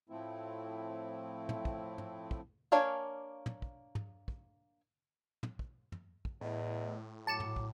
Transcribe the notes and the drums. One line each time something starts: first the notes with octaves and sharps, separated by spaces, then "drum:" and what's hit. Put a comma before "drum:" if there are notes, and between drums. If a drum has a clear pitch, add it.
A2 F3 A3 C4 E4
drum: tom
drum: kick
drum: tom
drum: kick
A#3 D4 C#5 F5 G#5
drum: tom
drum: kick
drum: tom
drum: kick
drum: tom
drum: kick
drum: tom
drum: kick
E2 A2 D#5
F#3 A5 D6 C#7 E7
drum: tom
drum: kick